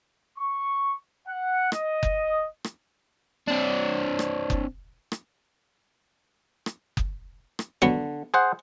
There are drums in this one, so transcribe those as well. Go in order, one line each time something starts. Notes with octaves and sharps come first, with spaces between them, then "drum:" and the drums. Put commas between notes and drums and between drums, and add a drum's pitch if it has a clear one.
C#6
F#5
D#5, drum: rim click
drum: kick F#1
drum: rim click
C4 D4
drum: rim click
drum: kick F#1
drum: rim click
drum: rim click
drum: kick F#1
drum: rim click
D3 F#3 B3
G#4 C5 F#5